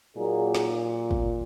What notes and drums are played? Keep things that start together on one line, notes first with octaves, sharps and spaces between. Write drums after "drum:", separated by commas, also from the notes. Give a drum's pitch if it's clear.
A#2 F#3 A#3 D#4 G#4
drum: snare
drum: kick